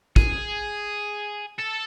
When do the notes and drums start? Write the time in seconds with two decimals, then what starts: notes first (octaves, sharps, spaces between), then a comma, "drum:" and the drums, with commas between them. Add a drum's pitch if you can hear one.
0.16 G#4, drum: kick
1.59 A4